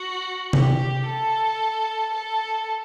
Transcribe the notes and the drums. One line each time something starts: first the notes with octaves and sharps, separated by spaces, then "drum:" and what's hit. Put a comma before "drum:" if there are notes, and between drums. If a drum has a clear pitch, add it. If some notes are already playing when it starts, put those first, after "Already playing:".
Already playing: F#4
G4, drum: tom C3
A4
A4